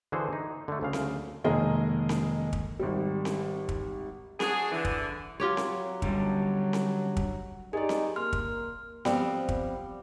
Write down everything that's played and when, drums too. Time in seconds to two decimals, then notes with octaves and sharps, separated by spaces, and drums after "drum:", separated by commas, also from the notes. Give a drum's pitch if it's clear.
0.12 D3 E3 F#4 G#4 C5
0.33 D#4
0.68 D3 A3
0.81 D2 C#3 F5
0.93 drum: snare C4
1.44 F1 D#3 G#3 A#3 G#4 D#5
2.09 drum: snare C4
2.53 drum: kick
2.79 G#1 G3
3.25 drum: snare C4
3.69 drum: kick
4.40 D4 F#4 G#4, drum: snare C4
4.72 D3 E3
4.85 drum: kick
5.40 F#3 F4 G4 C#5
5.57 drum: snare C4
6.02 D3 G3 C#4, drum: kick
6.73 drum: snare C4
7.17 drum: kick
7.73 D#4 G4 G#4 D5
7.89 drum: snare C4
8.16 A#3 C6 F6
8.33 drum: kick
9.05 F3 G3 B3 C4, drum: snare C4
9.49 drum: kick